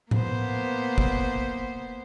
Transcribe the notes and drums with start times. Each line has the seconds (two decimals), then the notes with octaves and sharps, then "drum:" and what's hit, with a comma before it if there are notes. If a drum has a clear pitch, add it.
0.11 A#3 B3 C5, drum: tom A2
0.98 drum: kick